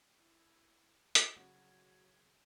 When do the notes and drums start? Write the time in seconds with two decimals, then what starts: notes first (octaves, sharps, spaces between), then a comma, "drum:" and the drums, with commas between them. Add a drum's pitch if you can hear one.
0.17 E4
1.15 drum: hi-hat
1.37 C#3 F#3 F#4 C#5